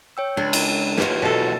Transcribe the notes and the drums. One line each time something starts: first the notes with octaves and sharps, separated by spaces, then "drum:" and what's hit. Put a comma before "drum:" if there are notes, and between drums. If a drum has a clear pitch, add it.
C#5 G5 E6
C#2 D4
drum: cymbal
D#2 A#2 F#3 F4 G4 B4, drum: snare
B2 A4